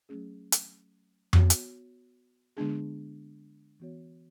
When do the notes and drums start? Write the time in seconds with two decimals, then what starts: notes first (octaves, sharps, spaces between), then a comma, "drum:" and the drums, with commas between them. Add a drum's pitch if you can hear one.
0.09 F#3 A3 C#4 G#4
0.52 drum: hi-hat
1.33 B3 F#4 C#5, drum: tom F2
1.50 drum: hi-hat
2.57 D3 G#3 B3 D4 G#4
3.80 E3 B3 F#4 C#5